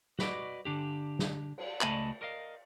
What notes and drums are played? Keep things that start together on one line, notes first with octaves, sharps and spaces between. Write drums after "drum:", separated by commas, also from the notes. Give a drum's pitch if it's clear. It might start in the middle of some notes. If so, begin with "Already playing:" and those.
F#4 B4 D5 D#5, drum: snare
D3 D4 G4
drum: snare
drum: cymbal
C#2 A3 D#5 G#5 A5 B5, drum: clap
A#4 D#5 F5